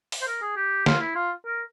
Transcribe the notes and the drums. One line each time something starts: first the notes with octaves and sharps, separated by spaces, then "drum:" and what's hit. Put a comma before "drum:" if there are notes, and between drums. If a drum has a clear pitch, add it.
drum: open hi-hat
C5
A#4
G#4
G4
F4, drum: snare
E4
F4
A#4